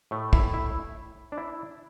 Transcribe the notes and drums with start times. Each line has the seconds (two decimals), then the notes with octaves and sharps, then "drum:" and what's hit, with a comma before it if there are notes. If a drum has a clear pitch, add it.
0.11 A2 A3
0.33 E4, drum: kick
0.54 E4
1.32 D4
1.37 E4